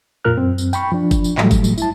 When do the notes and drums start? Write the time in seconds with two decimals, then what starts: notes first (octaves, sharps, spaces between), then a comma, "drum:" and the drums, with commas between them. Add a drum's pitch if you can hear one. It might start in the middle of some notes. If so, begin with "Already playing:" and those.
0.25 F2 A#2 F4 A#4 F6 F#6
0.37 F#2 C4
0.58 drum: tambourine
0.73 G5 B5 C#6, drum: tambourine
0.92 F3 D4
1.11 drum: kick G1, tambourine
1.24 drum: tambourine
1.38 A2 E3 F#3 G3 A3, drum: clap
1.51 drum: kick G1, tambourine
1.64 drum: tambourine
1.78 E4 A5, drum: tambourine